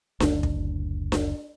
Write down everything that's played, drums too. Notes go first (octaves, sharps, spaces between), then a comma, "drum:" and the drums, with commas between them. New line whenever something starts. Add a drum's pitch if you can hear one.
F#1 D2 D4, drum: snare D4
drum: kick
drum: snare D4